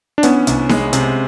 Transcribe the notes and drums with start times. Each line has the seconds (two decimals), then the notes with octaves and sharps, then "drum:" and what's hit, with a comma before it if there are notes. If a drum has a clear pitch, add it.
0.18 D4
0.23 E3 B3 C#4, drum: hi-hat
0.47 C2, drum: hi-hat
0.69 G#3, drum: snare D#4
0.93 C3, drum: hi-hat